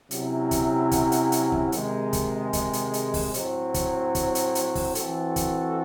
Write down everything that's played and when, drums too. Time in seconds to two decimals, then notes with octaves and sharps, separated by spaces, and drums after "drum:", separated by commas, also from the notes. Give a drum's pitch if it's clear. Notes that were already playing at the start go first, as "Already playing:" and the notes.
0.11 C3 F#3 C#4 E4, drum: hi-hat
0.51 drum: kick, hi-hat
0.91 drum: kick, hi-hat
1.12 drum: hi-hat
1.32 drum: hi-hat
1.52 drum: kick
1.72 C3 D#3 G#3, drum: hi-hat
2.13 drum: kick, hi-hat
2.53 drum: kick, hi-hat
2.73 drum: hi-hat
2.93 drum: hi-hat
3.14 drum: kick, open hi-hat
3.34 A2 F#3 C4, drum: hi-hat
3.74 drum: kick, hi-hat
4.15 drum: kick, hi-hat
4.35 drum: hi-hat
4.55 drum: hi-hat
4.75 drum: kick, open hi-hat
4.95 E3 C4 F#4 A4, drum: hi-hat
5.36 drum: kick, hi-hat